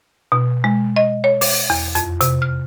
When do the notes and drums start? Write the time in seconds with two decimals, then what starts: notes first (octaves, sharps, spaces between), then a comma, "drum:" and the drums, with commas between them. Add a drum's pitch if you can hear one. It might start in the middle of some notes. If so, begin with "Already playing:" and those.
0.32 B2
0.64 G#3
0.96 D#5
1.24 C#5
1.41 D6, drum: open hi-hat
1.70 E2
1.95 F2, drum: hi-hat
2.21 C3, drum: hi-hat
2.42 F6